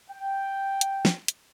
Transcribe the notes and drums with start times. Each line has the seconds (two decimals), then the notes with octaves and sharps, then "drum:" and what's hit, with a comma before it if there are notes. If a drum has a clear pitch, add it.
0.11 G5
0.81 drum: hi-hat
1.05 drum: snare
1.28 drum: hi-hat